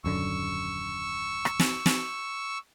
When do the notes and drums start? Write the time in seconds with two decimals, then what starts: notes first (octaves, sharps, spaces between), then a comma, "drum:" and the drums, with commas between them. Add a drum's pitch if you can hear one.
0.04 D#1 F#2 D3 C#6 E6
1.45 drum: rim click
1.60 drum: snare
1.86 drum: snare